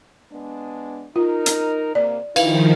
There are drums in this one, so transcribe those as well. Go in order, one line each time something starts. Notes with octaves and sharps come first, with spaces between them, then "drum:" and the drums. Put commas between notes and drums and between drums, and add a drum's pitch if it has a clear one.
G#3 B3 D4
D#4 F4 A#4
drum: hi-hat
C3 A#3 D5
D#3 F3 E4 B4 F5, drum: cymbal